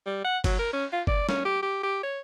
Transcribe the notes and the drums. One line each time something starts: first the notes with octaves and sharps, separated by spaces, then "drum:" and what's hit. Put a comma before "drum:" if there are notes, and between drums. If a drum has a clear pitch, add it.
G3
F#5
F#3, drum: kick, cymbal
A#4
C#4
F4
D5, drum: kick
C#4, drum: snare
G4
G4
G4
C#5